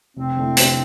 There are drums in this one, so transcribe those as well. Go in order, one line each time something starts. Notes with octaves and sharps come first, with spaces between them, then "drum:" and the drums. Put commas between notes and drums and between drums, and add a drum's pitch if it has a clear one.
F1 C4
F2 D3 A3 E4
F1, drum: hi-hat